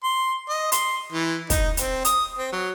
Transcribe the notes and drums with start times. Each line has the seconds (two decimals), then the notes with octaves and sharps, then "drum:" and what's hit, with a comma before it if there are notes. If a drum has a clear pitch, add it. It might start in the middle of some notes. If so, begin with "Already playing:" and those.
0.04 C6
0.48 D#5
0.72 C6, drum: hi-hat
1.12 E3
1.50 D#4, drum: kick, hi-hat
1.77 C4, drum: hi-hat
2.05 D#6, drum: hi-hat
2.38 C4
2.52 F#3